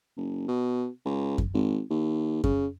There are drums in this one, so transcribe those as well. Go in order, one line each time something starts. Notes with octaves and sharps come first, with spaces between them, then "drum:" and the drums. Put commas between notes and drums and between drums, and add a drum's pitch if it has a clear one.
F#1
B2
C#2
drum: kick F#2
G#1
D#2
C#3, drum: kick F#2